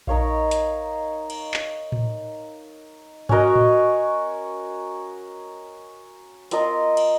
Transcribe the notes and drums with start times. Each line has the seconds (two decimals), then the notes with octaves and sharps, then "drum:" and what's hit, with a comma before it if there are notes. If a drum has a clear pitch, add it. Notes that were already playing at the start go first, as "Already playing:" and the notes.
0.07 D#4 A#4 C#5 F5, drum: kick A#1
0.51 drum: hi-hat
1.30 drum: cymbal
1.54 drum: clap
1.92 drum: tom A2
3.29 C#4 F#4 A#4 D#5, drum: tom G2
3.55 drum: tom A2
6.51 C4 F4 A#4 D#5, drum: hi-hat
6.97 drum: cymbal